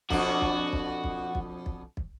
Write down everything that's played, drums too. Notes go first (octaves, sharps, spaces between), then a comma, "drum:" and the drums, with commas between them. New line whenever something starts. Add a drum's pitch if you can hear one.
F2 B2 D4 F#4, drum: kick
drum: kick
drum: kick
drum: kick
drum: kick
drum: kick
drum: kick